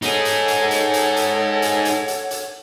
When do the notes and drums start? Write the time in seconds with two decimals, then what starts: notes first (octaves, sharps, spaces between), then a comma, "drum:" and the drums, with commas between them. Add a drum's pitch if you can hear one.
0.02 D#4 G#4 A4 C#5 F#5, drum: hi-hat
0.25 drum: hi-hat
0.48 drum: hi-hat
0.71 drum: hi-hat
0.94 drum: hi-hat
1.16 drum: hi-hat
1.62 drum: hi-hat
1.85 drum: hi-hat
2.08 drum: hi-hat
2.31 drum: hi-hat